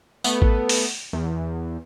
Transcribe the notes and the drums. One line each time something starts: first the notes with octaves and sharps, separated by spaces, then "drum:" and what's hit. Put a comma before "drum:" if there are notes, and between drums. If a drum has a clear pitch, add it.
A3 B3, drum: tambourine
drum: kick A1
drum: open hi-hat
E2